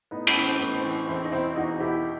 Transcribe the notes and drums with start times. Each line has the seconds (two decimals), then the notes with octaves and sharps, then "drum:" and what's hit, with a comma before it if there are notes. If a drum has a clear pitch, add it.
0.11 A2 B3 D#4
0.27 B3, drum: cymbal
0.36 E3
0.44 C4
0.59 A2 B3
0.76 C4
0.84 E3
0.93 C4
1.08 E2 C4 E4
1.25 D#4
1.32 B2 C4 E4
1.56 E2 D#4 F#4
1.80 B2 E4 G4